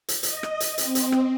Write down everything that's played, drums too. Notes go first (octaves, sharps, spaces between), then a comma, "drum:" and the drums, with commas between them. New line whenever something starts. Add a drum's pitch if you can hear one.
drum: hi-hat
D#5, drum: hi-hat
drum: rim click
drum: hi-hat
C4, drum: hi-hat
drum: hi-hat
drum: rim click